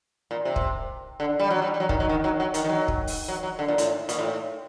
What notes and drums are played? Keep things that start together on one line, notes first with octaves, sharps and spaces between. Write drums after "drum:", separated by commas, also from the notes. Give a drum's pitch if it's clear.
A#2
C3
drum: kick
D3
G3
F#3
G3
G3
F#3
D#3, drum: kick
F#3
D#3
F#3
F#3
D#3, drum: hi-hat
D#3
F#3
drum: kick
drum: open hi-hat
F#3
F#3
D3
A#2
A2, drum: hi-hat
A#2, drum: hi-hat
A2